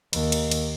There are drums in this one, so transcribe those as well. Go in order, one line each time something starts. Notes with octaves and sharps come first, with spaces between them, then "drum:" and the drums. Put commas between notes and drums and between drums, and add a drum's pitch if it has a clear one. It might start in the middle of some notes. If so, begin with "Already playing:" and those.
D#2, drum: cymbal
drum: cymbal
drum: cymbal